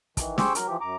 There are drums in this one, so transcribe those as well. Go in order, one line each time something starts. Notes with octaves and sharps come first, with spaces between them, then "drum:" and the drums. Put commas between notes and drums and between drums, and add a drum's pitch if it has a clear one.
D#3 E3, drum: kick, hi-hat
G4 G#4 C5 C#6 D6 E6, drum: snare
F#3 A#4, drum: hi-hat
E3 F3 G4
F#2 A#5 D6